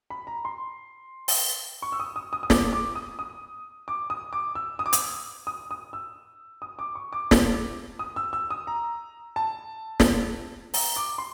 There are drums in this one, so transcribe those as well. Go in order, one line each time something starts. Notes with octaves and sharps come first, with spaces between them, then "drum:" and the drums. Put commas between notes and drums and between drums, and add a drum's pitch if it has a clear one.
B5
A#5
C6
drum: open hi-hat
C#6
E6
D#6
D#6
D#6
D#6
D6, drum: snare
D6
D#6
D#6
D6
D#6
D6
E6
D#6
D6
D#6, drum: hi-hat
D#6
D#6
E6
D#6
D6
C#6
D6
drum: snare
D#6
E6
E6
D#6
A#5
A5
drum: snare
A#5, drum: open hi-hat
D6
C6